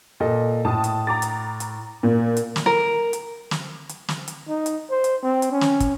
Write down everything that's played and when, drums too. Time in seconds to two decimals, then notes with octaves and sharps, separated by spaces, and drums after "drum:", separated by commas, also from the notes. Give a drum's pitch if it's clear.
0.20 A#2 A4 D#5
0.65 A2 A5 D#6
0.84 drum: hi-hat
1.07 A#5 D6 A6
1.22 drum: hi-hat
1.60 drum: hi-hat
2.03 A#2
2.37 drum: hi-hat
2.56 drum: snare
2.66 A#4
3.13 drum: hi-hat
3.51 drum: snare
3.89 drum: hi-hat
4.08 drum: snare
4.28 drum: hi-hat
4.49 D#4
4.66 drum: hi-hat
4.90 C5
5.04 drum: hi-hat
5.23 C4
5.42 drum: hi-hat
5.52 C#4
5.61 drum: snare
5.80 drum: kick, hi-hat